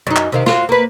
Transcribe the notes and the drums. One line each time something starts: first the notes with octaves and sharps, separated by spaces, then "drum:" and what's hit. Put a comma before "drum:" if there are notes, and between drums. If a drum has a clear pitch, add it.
F#2 D#4
drum: clap
C3 D#3 F5
F4 F#4, drum: snare
A#3 B4